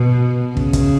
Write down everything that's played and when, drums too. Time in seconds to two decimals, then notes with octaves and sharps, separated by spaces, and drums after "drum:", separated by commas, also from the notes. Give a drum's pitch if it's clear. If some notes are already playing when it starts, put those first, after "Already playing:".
Already playing: B2
0.57 C#3, drum: kick
0.73 drum: kick, hi-hat